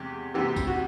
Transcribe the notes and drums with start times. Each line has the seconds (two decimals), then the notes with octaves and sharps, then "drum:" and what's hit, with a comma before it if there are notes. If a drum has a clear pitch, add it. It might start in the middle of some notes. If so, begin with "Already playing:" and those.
Already playing: E2 C3 G#3 G4
0.34 D2 C3 E3 G4
0.56 drum: kick, tambourine
0.67 F#4